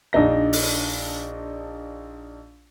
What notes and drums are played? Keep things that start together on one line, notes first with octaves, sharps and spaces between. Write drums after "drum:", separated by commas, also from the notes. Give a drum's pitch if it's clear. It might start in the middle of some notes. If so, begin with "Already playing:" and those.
A#1 D4 D#4 A#6
drum: open hi-hat